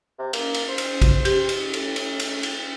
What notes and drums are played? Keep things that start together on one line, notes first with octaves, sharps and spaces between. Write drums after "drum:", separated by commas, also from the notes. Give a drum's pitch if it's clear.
C3
A#3, drum: cymbal
drum: cymbal
C5
drum: cymbal
drum: kick A#1, cymbal
G4, drum: cymbal
drum: cymbal
A2, drum: cymbal
drum: cymbal
drum: cymbal
drum: cymbal